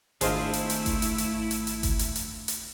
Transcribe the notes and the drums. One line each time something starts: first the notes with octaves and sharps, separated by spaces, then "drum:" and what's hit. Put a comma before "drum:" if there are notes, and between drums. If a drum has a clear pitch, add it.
G#1 A3 D4 E4 F4 G#4 C5 D#5, drum: hi-hat
drum: hi-hat
drum: hi-hat
drum: kick G1, hi-hat
drum: hi-hat
drum: hi-hat
drum: hi-hat
drum: hi-hat
drum: kick G1, hi-hat
drum: hi-hat
drum: hi-hat
drum: hi-hat